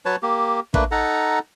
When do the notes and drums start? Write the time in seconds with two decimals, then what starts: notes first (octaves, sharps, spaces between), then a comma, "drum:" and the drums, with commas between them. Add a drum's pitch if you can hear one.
0.05 F#3 B4 C#5 A5
0.22 A#3 G4
0.74 A3 A#3 D4 B4, drum: kick
0.91 D#4 A4 F#5 A#5